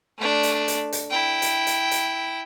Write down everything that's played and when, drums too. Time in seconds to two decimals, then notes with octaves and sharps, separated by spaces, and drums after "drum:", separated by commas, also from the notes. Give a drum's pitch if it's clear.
0.18 A3 D4
0.43 drum: hi-hat
0.68 drum: hi-hat
0.92 drum: hi-hat
1.11 E4 G5
1.42 drum: hi-hat
1.67 drum: hi-hat
1.91 drum: hi-hat